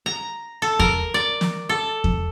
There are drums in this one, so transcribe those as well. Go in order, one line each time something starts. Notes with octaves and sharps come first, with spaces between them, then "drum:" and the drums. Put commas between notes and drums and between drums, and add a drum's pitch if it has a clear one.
A#5
A4
A#4, drum: kick E2
D5
drum: snare
A4
drum: kick E2